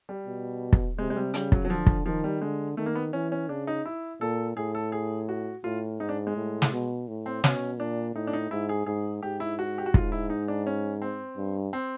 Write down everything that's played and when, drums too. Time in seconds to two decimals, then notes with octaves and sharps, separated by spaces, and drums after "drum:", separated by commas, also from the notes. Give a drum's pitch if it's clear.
0.09 G3
0.26 B2
0.73 drum: kick
0.98 C3 G#3
1.10 G#3
1.16 G3
1.34 C#3 G3, drum: hi-hat
1.52 F#3, drum: kick
1.65 F#3
1.70 D3 F3
1.86 drum: kick
2.06 D#3 F3
2.24 G3
2.42 D3 G#3
2.77 D#3 A3
2.86 A#3
2.95 B3
3.13 E3 C#4
3.32 C#4
3.49 C#3 D4
3.67 D#4
3.85 E4
4.21 A#2 A4
4.56 A2 G#4
4.75 A4
4.92 G#4
5.29 F#4
5.64 A2 F4
6.00 G#2 D#4
6.09 D4
6.27 G#3
6.36 A2
6.62 drum: snare
6.72 B2
7.08 A2
7.26 C4
7.44 B2 C#4, drum: snare
7.79 A#2 D4
8.15 A2 D#4
8.27 D4
8.33 D#4
8.51 G#2 E4
8.69 G#4
8.86 G#2 G#4
9.23 G#2 G4
9.40 E4
9.59 F#4
9.78 G4
9.86 F#4
9.94 G#2 F4, drum: kick
10.12 E4
10.30 D#4
10.48 D4
10.67 C#4
11.02 C4
11.37 G2
11.73 C4